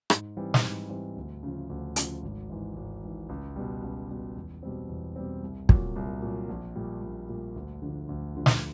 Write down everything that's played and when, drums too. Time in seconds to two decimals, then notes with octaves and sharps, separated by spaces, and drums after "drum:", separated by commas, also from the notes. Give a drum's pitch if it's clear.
0.10 G#2, drum: rim click
0.37 E3 G3 C4
0.54 drum: snare
0.63 G#2
0.90 E3 G3 C4
1.16 D2
1.43 C#3 F3
1.70 D2
1.96 C#3 F3, drum: hi-hat
2.23 G#1
2.49 G#2 E3
2.76 G#1
3.03 G#2 E3
3.29 C#2
3.56 B2 G3
3.83 C#2
4.09 B2 G3
4.36 E2
4.63 B2 G3 C4
4.89 E2
5.16 B2 G3 C4
5.42 C2
5.69 A#2 F#3, drum: kick
5.96 C2
6.22 A#2 F#3
6.49 A#1
6.76 A#2 G3
7.02 A#1
7.29 A#2 G3
7.56 D2
7.82 D3 F3
8.09 D2
8.35 D3 F3
8.46 drum: snare